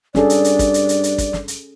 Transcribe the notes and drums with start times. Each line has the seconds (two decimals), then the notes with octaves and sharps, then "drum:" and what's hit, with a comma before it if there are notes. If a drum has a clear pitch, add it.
0.15 G2 C#4 G#4 A4 D5, drum: snare
0.30 drum: hi-hat
0.44 drum: hi-hat
0.59 drum: kick, hi-hat
0.74 drum: hi-hat
0.89 drum: hi-hat
1.04 drum: hi-hat
1.18 drum: kick, hi-hat
1.33 drum: snare
1.48 drum: hi-hat